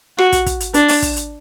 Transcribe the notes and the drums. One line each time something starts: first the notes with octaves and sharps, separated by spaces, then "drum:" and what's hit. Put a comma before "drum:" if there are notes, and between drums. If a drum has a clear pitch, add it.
F#4, drum: rim click
drum: kick, hi-hat
drum: kick, hi-hat
drum: hi-hat
D4, drum: hi-hat
drum: open hi-hat
drum: kick, hi-hat
drum: hi-hat